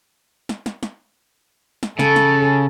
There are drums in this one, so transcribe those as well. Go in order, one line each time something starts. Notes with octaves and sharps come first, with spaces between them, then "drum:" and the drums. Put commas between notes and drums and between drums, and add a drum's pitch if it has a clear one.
drum: snare
drum: snare
drum: snare
drum: snare
C#3 A4, drum: snare
drum: snare